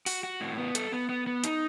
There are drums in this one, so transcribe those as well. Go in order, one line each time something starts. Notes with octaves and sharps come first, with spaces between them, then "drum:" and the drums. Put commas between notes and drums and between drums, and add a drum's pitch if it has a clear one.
F#4, drum: open hi-hat
F#4
A2
B3
A4, drum: hi-hat
B3
B3
B3
D#4, drum: hi-hat